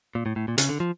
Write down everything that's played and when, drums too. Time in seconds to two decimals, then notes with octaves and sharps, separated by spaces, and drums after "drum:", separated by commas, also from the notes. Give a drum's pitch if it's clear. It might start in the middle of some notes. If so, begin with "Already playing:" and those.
0.15 A#2
0.26 A2
0.36 A2
0.48 A#2
0.58 C#3, drum: hi-hat
0.69 D3
0.80 F3